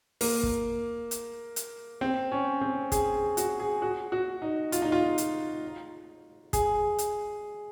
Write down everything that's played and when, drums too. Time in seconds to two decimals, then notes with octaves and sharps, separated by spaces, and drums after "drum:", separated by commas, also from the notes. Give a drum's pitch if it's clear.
0.21 A#3, drum: open hi-hat
0.43 drum: kick
1.11 drum: hi-hat
1.56 drum: hi-hat
2.01 C4
2.32 C#4
2.61 C4
2.92 G#4, drum: kick, hi-hat
3.37 F#4, drum: hi-hat
3.60 G#4
3.82 F#4
4.12 F#4
4.42 D#4
4.72 F4, drum: hi-hat
4.82 D#4
4.92 F4
5.18 drum: hi-hat
6.53 G#4, drum: kick, hi-hat
6.98 drum: hi-hat